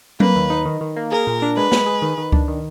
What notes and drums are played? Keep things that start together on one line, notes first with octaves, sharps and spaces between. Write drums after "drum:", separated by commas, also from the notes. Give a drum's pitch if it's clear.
A#3 B4, drum: tom F#3
D#2
D#4
D#3
D#3
A#3
G#4 A#4
A#2
D4
G#3 B4
G#3, drum: snare
G#4
D#3
D#3
D4, drum: kick C#2
D#3